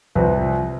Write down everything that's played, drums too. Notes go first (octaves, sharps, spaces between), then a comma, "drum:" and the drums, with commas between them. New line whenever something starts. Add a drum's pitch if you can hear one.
C2 C3 F3 B4, drum: tom E3